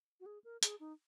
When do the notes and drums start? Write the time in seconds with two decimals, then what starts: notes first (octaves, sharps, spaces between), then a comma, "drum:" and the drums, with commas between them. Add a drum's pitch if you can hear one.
0.20 F#4
0.26 G#4
0.44 A#4
0.63 G#4, drum: hi-hat
0.80 D#4